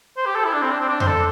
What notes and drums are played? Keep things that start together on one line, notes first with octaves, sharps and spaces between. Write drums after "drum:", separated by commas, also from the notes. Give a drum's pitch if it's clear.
C5
G4
A4
E4
D4
C4
D4
C4
D4
C5, drum: tom F2
A4